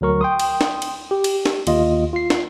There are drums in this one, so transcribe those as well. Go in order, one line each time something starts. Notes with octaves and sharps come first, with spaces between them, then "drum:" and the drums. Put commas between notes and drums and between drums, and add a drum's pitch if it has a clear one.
D2 F#3 A#4 C#6
G5 C6 D#6
drum: cymbal
drum: snare
drum: cymbal
G4
drum: cymbal
drum: snare
D#2 F4 D#5, drum: cymbal
F4 C7
drum: snare